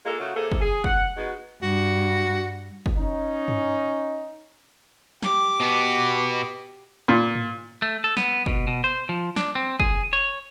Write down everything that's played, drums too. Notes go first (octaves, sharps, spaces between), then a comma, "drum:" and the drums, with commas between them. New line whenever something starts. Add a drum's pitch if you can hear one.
G#3 A#3 F4 G#4 A4
C#3 A3 F#4
C3 A#3 G#4 A4
drum: kick
G#4
F#5, drum: kick
G#3 B3 D#4 F#4
G2 F#4
drum: kick
C#4 D#4
drum: tom G2
G4 D6, drum: snare
B2 B3
A#2
drum: tom G#2
A3
A4
B3, drum: snare
B2, drum: kick
B2
C5
F3
D4, drum: snare
C4
G#4, drum: kick
C#5